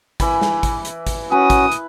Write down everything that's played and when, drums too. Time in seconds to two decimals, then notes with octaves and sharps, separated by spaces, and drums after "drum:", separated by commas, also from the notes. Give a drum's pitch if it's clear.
0.20 E3 B5, drum: kick, hi-hat
0.41 drum: snare
0.63 drum: kick, hi-hat
0.85 drum: hi-hat
1.07 drum: kick, hi-hat
1.32 C#4 F#4 B4 G#5 D#6
1.50 drum: kick, hi-hat
1.72 drum: hi-hat